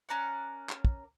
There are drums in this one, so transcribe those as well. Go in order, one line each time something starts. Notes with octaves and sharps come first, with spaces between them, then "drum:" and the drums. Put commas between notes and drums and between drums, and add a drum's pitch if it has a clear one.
C#4 A#4 D5 F#5
drum: clap
drum: kick